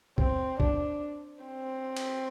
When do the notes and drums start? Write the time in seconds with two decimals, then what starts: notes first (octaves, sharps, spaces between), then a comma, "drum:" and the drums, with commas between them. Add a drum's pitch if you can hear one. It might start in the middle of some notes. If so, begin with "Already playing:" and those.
0.18 C4, drum: kick
0.60 D4, drum: kick
1.43 C4
1.96 drum: cymbal